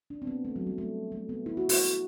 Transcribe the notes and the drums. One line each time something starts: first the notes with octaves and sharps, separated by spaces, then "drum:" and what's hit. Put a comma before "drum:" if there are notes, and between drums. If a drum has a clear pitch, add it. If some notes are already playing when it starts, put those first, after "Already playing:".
D4
C4
B3
A3
F#3
G3
A3
A3
B3
E4
F#4
F#4, drum: open hi-hat